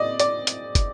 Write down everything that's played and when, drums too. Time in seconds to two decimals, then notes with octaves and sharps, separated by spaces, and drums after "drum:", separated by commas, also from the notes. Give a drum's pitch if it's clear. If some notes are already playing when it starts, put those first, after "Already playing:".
Already playing: C4 D5 D#5
0.20 D5, drum: hi-hat
0.47 drum: hi-hat
0.75 drum: kick, hi-hat